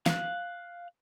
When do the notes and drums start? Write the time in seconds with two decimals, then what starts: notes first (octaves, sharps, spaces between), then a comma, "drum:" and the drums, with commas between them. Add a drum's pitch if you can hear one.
0.06 F5 F#6, drum: snare